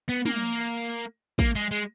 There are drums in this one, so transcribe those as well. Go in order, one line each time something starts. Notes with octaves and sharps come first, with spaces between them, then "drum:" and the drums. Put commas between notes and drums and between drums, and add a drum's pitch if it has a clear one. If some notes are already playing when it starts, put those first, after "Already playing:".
B3
A#3, drum: tom
A#3, drum: kick
G#3
G#3